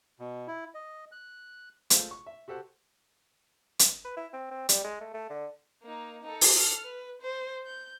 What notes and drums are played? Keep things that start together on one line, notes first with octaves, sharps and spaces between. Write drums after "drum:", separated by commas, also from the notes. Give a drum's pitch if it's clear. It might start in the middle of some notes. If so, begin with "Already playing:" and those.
B2
E4
D#5
F#6
G#3 A3 F4 C5, drum: hi-hat
C#6
E5
F#4 G4 A4 C5 F#5
drum: hi-hat
B4
E4
C4
C4
G3, drum: hi-hat
G#3
A3
A3
D3
A#3 D#4
D#4 A4
drum: open hi-hat
A4 F6
B4
C5
G6